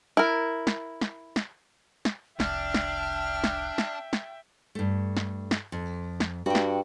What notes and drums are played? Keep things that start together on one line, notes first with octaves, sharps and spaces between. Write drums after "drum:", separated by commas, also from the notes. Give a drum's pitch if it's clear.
E4 A#4
drum: snare
drum: snare
drum: snare
drum: snare
F1 C2 D4 E5 G5 F6, drum: snare
drum: snare
drum: snare
drum: snare
drum: snare
G2 A3
drum: snare
drum: snare
F2
drum: snare
G2 F#4 G5
drum: snare